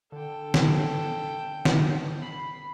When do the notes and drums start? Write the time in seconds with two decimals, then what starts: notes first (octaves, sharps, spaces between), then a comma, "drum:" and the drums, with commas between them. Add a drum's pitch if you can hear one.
0.12 D3 A4 G5
0.54 drum: snare
1.65 drum: snare
2.22 B5 C7